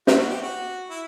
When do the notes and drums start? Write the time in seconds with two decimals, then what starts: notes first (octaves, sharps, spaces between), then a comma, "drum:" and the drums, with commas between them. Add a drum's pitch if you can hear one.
0.07 F#4, drum: snare
0.18 F#4
0.30 G4
0.41 F#4
0.90 E4